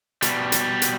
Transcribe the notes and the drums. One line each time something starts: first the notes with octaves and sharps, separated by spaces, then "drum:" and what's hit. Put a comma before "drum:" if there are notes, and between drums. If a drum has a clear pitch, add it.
B2 G3, drum: hi-hat
drum: hi-hat
drum: hi-hat